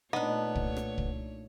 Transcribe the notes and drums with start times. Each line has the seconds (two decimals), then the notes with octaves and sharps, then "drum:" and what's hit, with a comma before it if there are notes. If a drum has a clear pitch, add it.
0.13 A#2 A3 B3 D4 D#4 C#5
0.55 drum: kick
0.77 drum: rim click
0.98 drum: kick